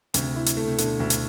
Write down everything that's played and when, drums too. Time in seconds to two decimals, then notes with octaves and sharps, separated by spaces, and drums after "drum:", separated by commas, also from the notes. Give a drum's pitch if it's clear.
0.14 D2 C3, drum: hi-hat
0.36 E4
0.46 drum: hi-hat
0.57 A3
0.67 C3
0.78 B2 D3, drum: hi-hat
1.00 D2
1.10 drum: hi-hat